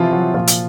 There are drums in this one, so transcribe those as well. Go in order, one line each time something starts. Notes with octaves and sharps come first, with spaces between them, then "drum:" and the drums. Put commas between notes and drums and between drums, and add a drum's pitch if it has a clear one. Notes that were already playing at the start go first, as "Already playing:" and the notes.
Already playing: C3 E3 F3 F4
F#3 F#4
A#2 F3 F4
drum: hi-hat